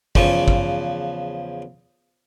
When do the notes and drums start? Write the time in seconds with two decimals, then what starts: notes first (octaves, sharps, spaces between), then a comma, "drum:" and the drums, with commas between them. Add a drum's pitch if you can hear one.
0.15 E2 C#3 F3, drum: kick
0.48 drum: kick